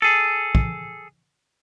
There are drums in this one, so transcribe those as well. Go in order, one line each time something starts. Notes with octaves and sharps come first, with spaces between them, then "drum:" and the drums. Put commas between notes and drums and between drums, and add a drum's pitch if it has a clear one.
G#4 A4
drum: kick